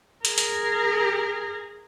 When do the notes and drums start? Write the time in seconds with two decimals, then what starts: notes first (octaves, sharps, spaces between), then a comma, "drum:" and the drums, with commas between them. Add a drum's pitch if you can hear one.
0.25 G#4 A#4, drum: hi-hat
0.38 drum: hi-hat